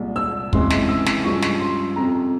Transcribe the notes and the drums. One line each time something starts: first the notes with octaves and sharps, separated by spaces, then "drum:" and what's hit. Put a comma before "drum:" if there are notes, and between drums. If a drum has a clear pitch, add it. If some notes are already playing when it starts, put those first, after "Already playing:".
Already playing: C2 A#2 G#3
E6
C#2 C3 E3 G#3 C#4 C6, drum: kick
drum: snare
E6
drum: snare
G2 F3 G#3 C#4 C#6
drum: snare
C6
F2 C3 F3 A#5